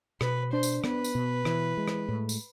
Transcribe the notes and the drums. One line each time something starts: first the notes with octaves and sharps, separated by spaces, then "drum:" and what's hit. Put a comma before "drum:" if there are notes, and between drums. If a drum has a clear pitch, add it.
B2 B4, drum: rim click
D4 C5
drum: tambourine
B3 B4, drum: rim click
drum: tambourine
B2
E3, drum: rim click
G#3
drum: rim click
A2
drum: tambourine